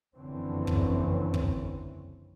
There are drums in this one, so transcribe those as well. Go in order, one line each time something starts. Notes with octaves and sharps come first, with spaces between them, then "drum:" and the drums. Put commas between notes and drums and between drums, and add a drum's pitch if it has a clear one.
F#1 F2 D3 E3 C4 C#4
drum: kick
drum: kick